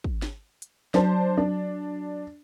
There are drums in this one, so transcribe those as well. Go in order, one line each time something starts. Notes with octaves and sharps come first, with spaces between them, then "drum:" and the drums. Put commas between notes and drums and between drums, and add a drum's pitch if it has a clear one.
drum: kick
drum: snare
drum: hi-hat
F#3 D4 C5 A5, drum: snare
D4